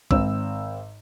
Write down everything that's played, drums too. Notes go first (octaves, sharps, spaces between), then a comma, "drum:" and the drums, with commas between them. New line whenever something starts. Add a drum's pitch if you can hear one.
G#1 C4 E6, drum: kick B1